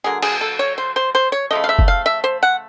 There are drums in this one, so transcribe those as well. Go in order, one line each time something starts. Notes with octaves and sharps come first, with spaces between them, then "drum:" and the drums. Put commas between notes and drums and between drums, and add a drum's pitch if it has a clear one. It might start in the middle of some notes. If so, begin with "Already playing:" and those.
D3 F#3 A#3 G#4
G#4, drum: cymbal
A4
C#5
C5
C5
C5
C#5
C#3 F3 A3 D#5
F5
E5
drum: kick
F5
E5
C5
F#5